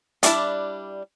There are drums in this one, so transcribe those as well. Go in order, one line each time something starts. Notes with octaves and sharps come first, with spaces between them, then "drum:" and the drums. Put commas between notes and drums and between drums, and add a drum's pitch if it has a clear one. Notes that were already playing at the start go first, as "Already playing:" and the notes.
D#3 G3 D4 E4 A5, drum: hi-hat